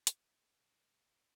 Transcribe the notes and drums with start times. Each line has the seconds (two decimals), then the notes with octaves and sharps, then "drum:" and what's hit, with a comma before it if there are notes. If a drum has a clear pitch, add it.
0.07 drum: hi-hat
0.62 A#2 A#3